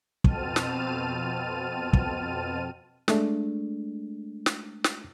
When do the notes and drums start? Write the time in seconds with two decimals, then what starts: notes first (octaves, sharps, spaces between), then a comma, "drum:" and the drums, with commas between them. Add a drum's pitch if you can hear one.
0.24 F2 B2 C4 A5 F6 D#7, drum: kick
0.56 drum: snare
1.93 drum: kick
3.08 G#3 A3 D4, drum: snare
4.46 drum: snare
4.84 drum: snare